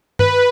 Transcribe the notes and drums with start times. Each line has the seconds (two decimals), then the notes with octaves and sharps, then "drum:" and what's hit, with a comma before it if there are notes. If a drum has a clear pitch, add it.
0.19 B4, drum: tom G2